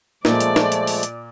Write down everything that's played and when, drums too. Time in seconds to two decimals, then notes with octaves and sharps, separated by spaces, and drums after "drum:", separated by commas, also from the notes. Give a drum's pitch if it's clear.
0.25 A#2 F3 G#3 A3 D5, drum: snare
0.40 drum: hi-hat
0.56 drum: snare
0.72 drum: hi-hat
0.87 drum: open hi-hat
1.03 drum: hi-hat